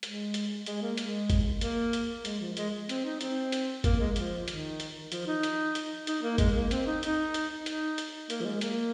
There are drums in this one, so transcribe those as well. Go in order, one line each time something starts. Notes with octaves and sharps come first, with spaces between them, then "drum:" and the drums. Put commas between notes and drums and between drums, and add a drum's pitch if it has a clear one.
G#3, drum: hi-hat
drum: hi-hat
G#3, drum: hi-hat
A#3
G#3, drum: hi-hat
drum: kick G1, hi-hat
A#3, drum: hi-hat
drum: hi-hat
G#3, drum: hi-hat
F3
G#3, drum: hi-hat
C4, drum: hi-hat
D#4
C4, drum: hi-hat
drum: hi-hat
A#3, drum: kick G1, hi-hat
G#3
F3, drum: hi-hat
D#3, drum: hi-hat
drum: hi-hat
F3, drum: hi-hat
D#4
drum: hi-hat
drum: hi-hat
D#4, drum: hi-hat
A#3
G#3, drum: kick G1, hi-hat
A#3
C4, drum: hi-hat
D#4
D#4, drum: hi-hat
drum: hi-hat
D#4, drum: hi-hat
drum: hi-hat
A#3, drum: hi-hat
F3
G#3
A#3, drum: hi-hat